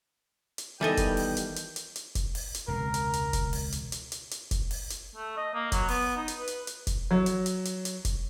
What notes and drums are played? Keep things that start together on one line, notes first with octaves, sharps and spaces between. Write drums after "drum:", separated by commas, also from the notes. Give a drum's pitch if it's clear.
drum: hi-hat
D#3 E3 G3 B3 A4 D#5 G5
drum: kick F1, hi-hat
drum: open hi-hat
drum: hi-hat
drum: hi-hat
drum: hi-hat
drum: hi-hat
drum: kick F1, hi-hat
drum: open hi-hat
drum: hi-hat
E1 C#2 C3 A#4
drum: hi-hat
drum: hi-hat
drum: kick F1, hi-hat
drum: open hi-hat
drum: hi-hat
drum: hi-hat
drum: hi-hat
drum: hi-hat
drum: kick F1, hi-hat
drum: open hi-hat
drum: hi-hat
A3
D#5
A#3
F#3, drum: kick F1, hi-hat
B3, drum: open hi-hat
D#4
drum: hi-hat
B4
drum: hi-hat
drum: hi-hat
drum: kick F1, hi-hat
F#3
drum: hi-hat
drum: hi-hat
drum: hi-hat
drum: hi-hat
drum: kick F1, hi-hat